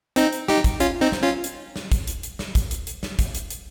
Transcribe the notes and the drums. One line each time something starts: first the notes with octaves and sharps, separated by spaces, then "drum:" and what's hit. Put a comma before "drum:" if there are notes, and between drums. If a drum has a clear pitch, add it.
C4 D#4, drum: hi-hat
drum: hi-hat
D#4 G4, drum: snare
drum: kick, hi-hat
C#4 F4, drum: hi-hat
C4 D#4
drum: snare
C#4 F4
drum: hi-hat
drum: snare
drum: kick, hi-hat
drum: hi-hat
drum: hi-hat
drum: snare
drum: kick, hi-hat
drum: hi-hat
drum: hi-hat
drum: snare
drum: kick, hi-hat
drum: hi-hat
drum: hi-hat